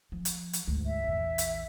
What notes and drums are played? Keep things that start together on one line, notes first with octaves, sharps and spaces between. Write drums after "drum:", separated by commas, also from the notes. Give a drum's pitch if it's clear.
F3
drum: hi-hat
drum: hi-hat
D2 G#2
E5
A#1 E2
drum: hi-hat